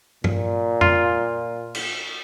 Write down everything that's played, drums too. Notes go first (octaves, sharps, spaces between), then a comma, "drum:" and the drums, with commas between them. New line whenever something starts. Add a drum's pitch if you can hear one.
A#2, drum: tom G2
F4, drum: tom F2
drum: cymbal